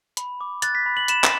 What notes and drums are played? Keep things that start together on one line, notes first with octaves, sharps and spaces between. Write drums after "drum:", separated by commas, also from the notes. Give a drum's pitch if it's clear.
B5, drum: hi-hat
D6
F#6 A6, drum: hi-hat
B6
B5
F#7
B5 E7, drum: hi-hat
drum: clap